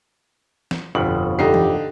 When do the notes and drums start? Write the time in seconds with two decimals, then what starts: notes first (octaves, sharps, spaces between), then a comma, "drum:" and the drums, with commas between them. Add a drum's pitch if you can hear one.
0.71 drum: snare
0.95 G1 F2 B2 F#7
1.39 D3 D#4 G4 C7
1.54 drum: tom E3